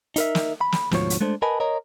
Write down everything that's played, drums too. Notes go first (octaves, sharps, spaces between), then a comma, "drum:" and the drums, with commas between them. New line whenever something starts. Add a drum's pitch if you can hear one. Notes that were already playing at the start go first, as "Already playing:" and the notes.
D#4 A#4 E5, drum: hi-hat
drum: snare
B5
drum: snare
D2 G#2 B2 F3 C#5, drum: snare
drum: hi-hat
G#3 A3 D4 C5
A#4 B4 D#5 G#5 A5 B5
A#4 C#5 D#5 A#5